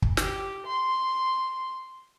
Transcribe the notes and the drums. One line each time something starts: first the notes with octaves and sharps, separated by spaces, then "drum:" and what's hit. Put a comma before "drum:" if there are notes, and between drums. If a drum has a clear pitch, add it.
drum: kick
G4, drum: snare
C6